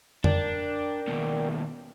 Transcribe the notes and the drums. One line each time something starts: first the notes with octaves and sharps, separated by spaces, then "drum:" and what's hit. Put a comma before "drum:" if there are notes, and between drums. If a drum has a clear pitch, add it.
D4 A#4 D5 G5, drum: tom F2
D#2 B2